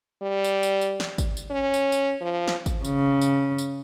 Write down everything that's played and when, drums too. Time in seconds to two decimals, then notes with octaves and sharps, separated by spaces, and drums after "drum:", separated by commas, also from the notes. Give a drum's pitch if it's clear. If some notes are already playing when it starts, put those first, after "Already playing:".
0.22 G3
0.44 drum: tambourine
0.63 drum: tambourine
0.81 drum: tambourine
1.00 drum: snare
1.18 drum: kick G#1, tambourine
1.37 drum: tambourine
1.51 C#4
1.74 drum: tambourine
1.92 drum: tambourine
2.21 F3
2.48 drum: snare
2.66 drum: kick G#1, tambourine
2.85 C#3, drum: tambourine
3.21 drum: tambourine
3.58 drum: tambourine